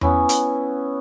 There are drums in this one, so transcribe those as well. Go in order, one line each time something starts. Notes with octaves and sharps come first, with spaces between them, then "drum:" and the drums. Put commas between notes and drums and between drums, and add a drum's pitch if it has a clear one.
B3 C#4 E4, drum: tom E2
drum: hi-hat